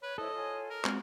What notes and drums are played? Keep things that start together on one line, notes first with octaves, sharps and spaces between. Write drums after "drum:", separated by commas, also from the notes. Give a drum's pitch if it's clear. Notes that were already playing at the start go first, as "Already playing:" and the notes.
B4 C#5
E4 A4 C5 C#5 D#5
F4 C#5 G#5
A#4
G#3 C4 F4 F#4, drum: clap